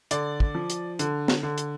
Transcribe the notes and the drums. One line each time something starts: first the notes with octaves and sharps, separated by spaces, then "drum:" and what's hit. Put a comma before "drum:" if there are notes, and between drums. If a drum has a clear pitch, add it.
D3 D5, drum: hi-hat
drum: kick
F3
drum: hi-hat
D3, drum: hi-hat
drum: snare
D3
drum: hi-hat